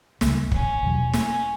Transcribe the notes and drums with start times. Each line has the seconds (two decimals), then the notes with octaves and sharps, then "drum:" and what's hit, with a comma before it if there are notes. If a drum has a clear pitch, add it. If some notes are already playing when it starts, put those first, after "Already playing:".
0.21 C#2 C#3 G3, drum: snare
0.51 C#4, drum: kick
0.83 E1 E2 B2 F#3
1.13 C#4, drum: snare